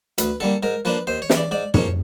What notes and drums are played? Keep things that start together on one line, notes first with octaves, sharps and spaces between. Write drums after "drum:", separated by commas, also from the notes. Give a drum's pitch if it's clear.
D2 B4, drum: hi-hat
D3 G3 A#3 A4
G#2 A#4
F3 A#3 D4 B4
D#2 C5
C#5
C#3 E3, drum: snare
D5
G#2 D5
F3 A#3 C#4 C#5, drum: tom